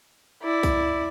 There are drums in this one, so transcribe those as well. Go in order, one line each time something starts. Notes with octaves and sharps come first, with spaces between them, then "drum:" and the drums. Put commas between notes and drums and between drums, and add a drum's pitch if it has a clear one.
E4 D5
drum: kick C2, tambourine